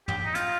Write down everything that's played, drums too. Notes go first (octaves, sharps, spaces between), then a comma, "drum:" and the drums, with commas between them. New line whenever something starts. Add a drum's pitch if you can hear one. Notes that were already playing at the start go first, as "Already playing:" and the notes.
G4, drum: tom
D#4
F4, drum: hi-hat